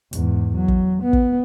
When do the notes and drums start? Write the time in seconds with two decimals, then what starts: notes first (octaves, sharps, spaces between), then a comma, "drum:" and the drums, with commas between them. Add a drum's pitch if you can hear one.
0.13 E2 G#2, drum: hi-hat
0.56 F#3
0.68 drum: kick
1.03 B3
1.13 drum: kick